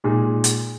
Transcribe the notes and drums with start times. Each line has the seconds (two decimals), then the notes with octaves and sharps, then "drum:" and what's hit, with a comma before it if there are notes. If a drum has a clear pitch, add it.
0.04 A#2 G#3 D#4 G#4
0.44 drum: hi-hat